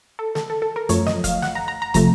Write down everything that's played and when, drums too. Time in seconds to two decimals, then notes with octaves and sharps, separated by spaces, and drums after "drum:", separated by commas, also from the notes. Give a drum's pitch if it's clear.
0.19 A4
0.35 A4, drum: snare
0.50 A4
0.62 A4
0.76 A#4
0.89 F#2 F3 A3 C#5, drum: hi-hat
1.07 D#5, drum: snare
1.24 F5, drum: kick, hi-hat
1.42 F#5, drum: snare
1.55 A#5
1.68 A#5
1.82 A#5
1.94 C3 F3 A3 A#5, drum: kick, hi-hat